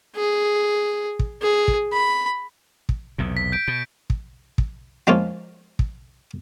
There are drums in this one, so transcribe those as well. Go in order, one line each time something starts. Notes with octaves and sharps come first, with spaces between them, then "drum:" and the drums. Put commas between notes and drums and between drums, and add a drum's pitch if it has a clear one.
G#4
drum: kick
G#4
drum: kick
B5
drum: kick
B1 E2 C3
B6
G6 B6 D7
B2 D7
drum: kick
drum: kick
F3 G#3 A#3 C#4 F4
drum: kick